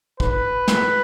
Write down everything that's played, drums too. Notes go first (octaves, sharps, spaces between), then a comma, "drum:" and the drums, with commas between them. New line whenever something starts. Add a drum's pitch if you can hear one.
B4, drum: kick
drum: snare